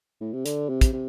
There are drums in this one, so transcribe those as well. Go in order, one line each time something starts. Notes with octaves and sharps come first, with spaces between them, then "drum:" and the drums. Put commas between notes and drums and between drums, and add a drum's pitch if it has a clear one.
A2
C3
D3, drum: hi-hat
C3
drum: kick, hi-hat
C3